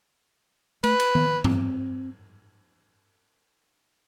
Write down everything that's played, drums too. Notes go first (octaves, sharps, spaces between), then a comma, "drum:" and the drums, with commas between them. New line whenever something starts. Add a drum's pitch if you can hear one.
A3 B4, drum: cymbal
drum: cymbal
B3, drum: tom D#3
C4, drum: tom G2